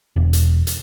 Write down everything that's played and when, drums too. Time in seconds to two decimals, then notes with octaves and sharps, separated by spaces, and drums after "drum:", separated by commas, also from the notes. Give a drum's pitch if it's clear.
0.16 E1
0.33 drum: hi-hat
0.67 drum: hi-hat